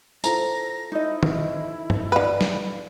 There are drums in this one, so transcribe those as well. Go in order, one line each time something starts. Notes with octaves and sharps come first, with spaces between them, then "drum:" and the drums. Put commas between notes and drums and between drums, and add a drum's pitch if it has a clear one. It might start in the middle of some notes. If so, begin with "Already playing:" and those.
F4 A4 C5 A#5 A#6, drum: tambourine
D#4 E4 D#5
drum: tom
drum: tom G2
D3 B4 F5
drum: snare